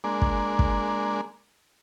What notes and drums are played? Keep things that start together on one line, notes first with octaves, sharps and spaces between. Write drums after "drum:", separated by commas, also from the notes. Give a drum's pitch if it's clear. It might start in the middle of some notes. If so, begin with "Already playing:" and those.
G#3 A#3 D4
drum: kick
drum: kick